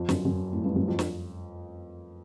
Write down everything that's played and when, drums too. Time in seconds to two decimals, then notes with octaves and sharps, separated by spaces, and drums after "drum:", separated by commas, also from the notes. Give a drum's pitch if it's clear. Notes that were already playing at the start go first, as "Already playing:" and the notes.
Already playing: F2
0.09 F#2, drum: snare
0.25 F#2
0.53 A2
0.64 G2
0.76 F#2
0.88 F2
0.99 drum: snare